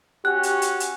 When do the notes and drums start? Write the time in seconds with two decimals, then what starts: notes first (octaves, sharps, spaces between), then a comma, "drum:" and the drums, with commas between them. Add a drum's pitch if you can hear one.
0.25 C#4 F#4 G4 F#6
0.43 drum: hi-hat
0.62 drum: hi-hat
0.80 drum: hi-hat